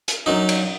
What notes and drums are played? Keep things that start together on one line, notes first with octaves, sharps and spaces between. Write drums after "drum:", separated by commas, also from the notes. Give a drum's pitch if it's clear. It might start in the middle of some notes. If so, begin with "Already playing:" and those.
drum: hi-hat
F#2 F#3 D#4
drum: cymbal